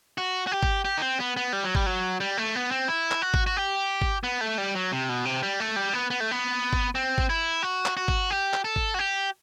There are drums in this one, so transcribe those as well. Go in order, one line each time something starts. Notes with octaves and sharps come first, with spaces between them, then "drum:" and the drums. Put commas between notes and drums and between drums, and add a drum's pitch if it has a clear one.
F#4
F#4
G4
drum: kick G1
G4
D#4
C4
B3
B3
G3
F#3
G3, drum: kick G1
F#3
G3
A3
B3
C4
E4
drum: clap
F#4
drum: kick G1
F#4
G4
drum: kick G1
B3
A3
G3
F#3
C3
B2
C3
G3
A3
G3
B3
B3
A3
B3
drum: kick G1
C4
drum: kick G1
E4
F#4
drum: clap
F#4
drum: kick G1
G4
drum: clap
A4
drum: kick G1
F#4
G4